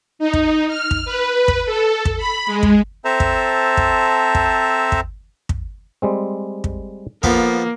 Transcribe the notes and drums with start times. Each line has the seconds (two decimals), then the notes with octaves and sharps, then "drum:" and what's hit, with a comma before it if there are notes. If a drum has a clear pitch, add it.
0.19 D#4
0.33 drum: kick
0.68 F6
0.91 drum: kick
1.05 B4
1.48 drum: kick
1.66 A4
2.05 drum: kick
2.17 B5
2.47 G#3
2.63 drum: kick
3.05 C4 A4 C5 E5 A5 A#5
3.20 drum: kick
3.77 drum: kick
4.35 drum: kick
4.92 drum: kick
5.49 drum: kick
6.02 G3 G#3 C4
6.64 drum: kick
7.23 F3 A#3 B3 A4, drum: kick